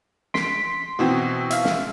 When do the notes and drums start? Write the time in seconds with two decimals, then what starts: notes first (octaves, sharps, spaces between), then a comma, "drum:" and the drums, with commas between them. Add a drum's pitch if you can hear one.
0.34 C6 B6 D7, drum: snare
0.99 B2 E3 C4 F#4
1.50 E5 F5, drum: hi-hat
1.65 drum: snare